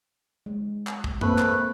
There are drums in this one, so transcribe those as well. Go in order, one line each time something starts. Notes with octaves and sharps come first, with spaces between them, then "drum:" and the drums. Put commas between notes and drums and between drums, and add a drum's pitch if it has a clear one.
G#3
drum: clap
drum: kick
A3 A#3 C4 B4, drum: tom F#2
drum: clap